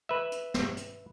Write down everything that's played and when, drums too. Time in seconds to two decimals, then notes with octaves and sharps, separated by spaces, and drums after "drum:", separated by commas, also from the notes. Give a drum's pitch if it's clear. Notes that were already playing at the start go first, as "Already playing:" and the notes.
0.09 B4 E5
0.32 drum: hi-hat
0.54 drum: snare
0.77 drum: hi-hat